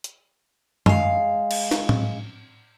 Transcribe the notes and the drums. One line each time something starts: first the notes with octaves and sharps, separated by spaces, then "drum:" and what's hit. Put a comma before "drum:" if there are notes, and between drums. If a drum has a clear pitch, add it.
drum: hi-hat
G#3 F5, drum: tom F#2
drum: cymbal
drum: snare
drum: tom A2